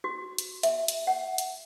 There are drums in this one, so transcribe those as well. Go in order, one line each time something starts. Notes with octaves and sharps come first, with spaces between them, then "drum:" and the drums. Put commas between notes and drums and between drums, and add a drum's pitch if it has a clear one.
F#4
drum: hi-hat
E5, drum: hi-hat
drum: hi-hat
F#5
drum: hi-hat